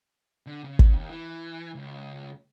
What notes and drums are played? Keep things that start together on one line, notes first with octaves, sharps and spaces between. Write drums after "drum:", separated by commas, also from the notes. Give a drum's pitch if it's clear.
D3
C#3
drum: kick
D#2
E3
C#2